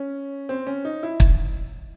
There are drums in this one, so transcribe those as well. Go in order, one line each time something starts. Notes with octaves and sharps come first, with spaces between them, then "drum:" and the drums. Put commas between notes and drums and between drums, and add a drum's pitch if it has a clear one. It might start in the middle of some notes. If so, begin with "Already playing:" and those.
Already playing: C#4
C4
C#4
D#4
E4
drum: kick